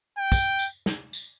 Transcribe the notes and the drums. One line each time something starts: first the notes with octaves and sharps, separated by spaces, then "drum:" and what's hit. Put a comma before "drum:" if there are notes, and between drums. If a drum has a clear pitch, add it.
G5
drum: kick, tambourine
drum: tambourine
drum: snare
drum: tambourine